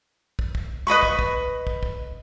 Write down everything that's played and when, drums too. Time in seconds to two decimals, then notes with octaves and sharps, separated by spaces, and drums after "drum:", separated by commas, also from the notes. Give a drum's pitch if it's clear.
0.39 drum: kick
0.55 drum: kick
0.87 B4 D#5 B5 C#6
1.03 drum: kick
1.19 drum: kick
1.67 drum: kick
1.83 drum: kick